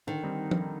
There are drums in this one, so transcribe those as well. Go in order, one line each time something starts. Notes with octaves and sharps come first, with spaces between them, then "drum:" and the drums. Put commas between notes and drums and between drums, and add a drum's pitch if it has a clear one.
D3 D#3
G3 C4 D#4
drum: tom F3